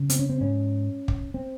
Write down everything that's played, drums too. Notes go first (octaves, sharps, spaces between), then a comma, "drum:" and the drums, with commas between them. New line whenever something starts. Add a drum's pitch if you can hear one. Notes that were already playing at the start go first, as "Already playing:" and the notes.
Already playing: C#3
C4, drum: hi-hat
C#4
C4
G#2 C#4
drum: kick
C4